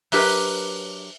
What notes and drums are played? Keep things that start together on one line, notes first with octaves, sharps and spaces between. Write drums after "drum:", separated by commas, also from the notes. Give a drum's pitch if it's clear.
F#3 D4 G4 G#4 A#4 B4, drum: open hi-hat